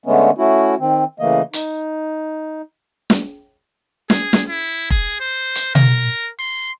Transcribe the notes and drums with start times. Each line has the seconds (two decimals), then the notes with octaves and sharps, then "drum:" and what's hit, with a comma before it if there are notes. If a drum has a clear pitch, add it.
0.06 D3 G#3 A3 B3 C#4
0.38 A3 C#4 E4 F#4
0.79 D#3 C4
1.20 C#3 E3 A3 A#3 D#5
1.53 D#4, drum: hi-hat
3.10 drum: snare
4.10 G#4, drum: snare
4.33 drum: snare
4.49 E4
4.90 G#4, drum: kick F1
5.20 C5
5.55 drum: hi-hat
5.75 A#4, drum: tom B2
6.40 C6